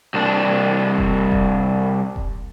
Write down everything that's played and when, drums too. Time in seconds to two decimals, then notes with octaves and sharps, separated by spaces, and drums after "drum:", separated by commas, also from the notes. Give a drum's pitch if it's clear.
0.14 C2 D4
0.98 drum: kick E1
1.32 drum: kick E1
2.16 drum: kick E1